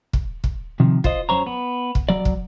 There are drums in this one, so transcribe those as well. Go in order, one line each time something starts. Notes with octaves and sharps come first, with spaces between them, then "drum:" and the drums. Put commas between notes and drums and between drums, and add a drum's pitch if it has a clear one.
drum: kick
drum: kick
C3 D#3 F3
F4 C5 D#5, drum: kick
F#2 C5 C#5 A#5
B3
drum: kick
F#3 D5
drum: kick